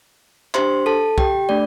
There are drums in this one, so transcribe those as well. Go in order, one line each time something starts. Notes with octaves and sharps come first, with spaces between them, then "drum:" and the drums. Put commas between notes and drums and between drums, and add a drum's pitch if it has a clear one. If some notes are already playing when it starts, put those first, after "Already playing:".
D4 G4 C5 C6, drum: clap
A4 A5
G4 G5, drum: kick
A3 D4 D5